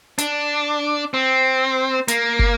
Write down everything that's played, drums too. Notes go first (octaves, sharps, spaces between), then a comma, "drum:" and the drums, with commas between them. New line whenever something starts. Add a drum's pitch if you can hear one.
D4, drum: hi-hat
C4
A#3, drum: hi-hat
drum: kick